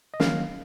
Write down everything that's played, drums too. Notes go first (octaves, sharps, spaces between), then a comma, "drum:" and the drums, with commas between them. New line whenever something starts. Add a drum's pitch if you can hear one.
D#5
D#3 F#3 A#3 C#4 F5, drum: snare